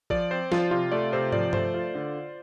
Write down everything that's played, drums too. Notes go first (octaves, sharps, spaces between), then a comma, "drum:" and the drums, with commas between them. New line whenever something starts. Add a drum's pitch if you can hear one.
F3 D5, drum: kick G#1
C4 C5
F3 F4, drum: snare
C3 F4
A3 D5
C3 C5
F3 D5, drum: tom
A3 C5, drum: tom G2
F4
D3